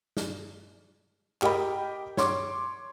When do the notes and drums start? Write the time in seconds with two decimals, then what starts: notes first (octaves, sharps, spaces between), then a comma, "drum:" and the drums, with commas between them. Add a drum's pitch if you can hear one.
0.17 drum: snare
1.42 G4 A#4 D#5 G5 B5, drum: clap
2.17 C#5 C6 D6, drum: snare